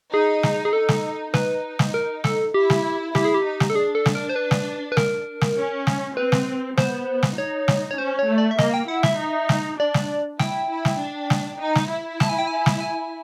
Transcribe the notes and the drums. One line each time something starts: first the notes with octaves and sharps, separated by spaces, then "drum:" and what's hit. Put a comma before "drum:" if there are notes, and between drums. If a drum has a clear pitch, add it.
D#4 G#4
drum: snare
G#4
D#4 A4
drum: snare
D#4 B4, drum: snare
drum: snare
A#4
A4, drum: snare
E4 G4
drum: snare
E4 G4, drum: snare
G#4
G4
D#4
drum: snare
A4
D4 G#4
A4
drum: snare
A#4
C5
B4
drum: snare
B4
A#4, drum: snare
drum: snare
C#4
drum: snare
C4 B4
drum: snare
B3 C5, drum: snare
drum: snare
D#4 C#5
drum: snare
C#5
C#4 C5
C#5
A3
D5
E5
A#3 D#5, drum: snare
G5
E4 F#5
E5, drum: snare
D#4
drum: snare
D4 D5
drum: snare
E4 G5, drum: snare
E4
drum: snare
D4
drum: snare
D#4
drum: snare
E4
A5, drum: snare
G#5
G5
G#5
drum: snare
G#5